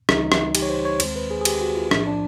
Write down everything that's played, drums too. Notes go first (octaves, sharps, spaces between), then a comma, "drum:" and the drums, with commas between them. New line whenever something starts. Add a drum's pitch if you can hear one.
C#2 C#3 E3 G3 D#4, drum: rim click
drum: rim click
G4, drum: cymbal
C#5
C5
C#5
D#2 D#3 G#3 C4 C5, drum: cymbal
B4
G#4
G#4
G4, drum: cymbal
F#4
F4
B1 A2 F3 D4, drum: rim click
D4